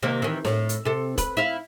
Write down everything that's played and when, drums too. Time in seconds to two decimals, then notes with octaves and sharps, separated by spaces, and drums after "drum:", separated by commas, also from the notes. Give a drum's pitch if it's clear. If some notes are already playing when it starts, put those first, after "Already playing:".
0.03 C3 D#3 A#3
0.22 D#3 E3
0.45 A2, drum: snare
0.69 drum: hi-hat
0.85 C3 A4
1.18 B4, drum: kick, hi-hat
1.37 E4 F5